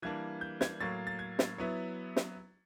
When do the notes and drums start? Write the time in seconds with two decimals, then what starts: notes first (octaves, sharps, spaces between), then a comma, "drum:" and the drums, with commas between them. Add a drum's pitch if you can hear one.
0.02 E3 G3 A#3 D4 G#6
0.41 G6
0.61 G#6, drum: snare
0.80 A2 F#3 A#3 A6
1.07 A6
1.19 G#6
1.39 drum: snare
1.58 F#3 B3 E4
2.16 drum: snare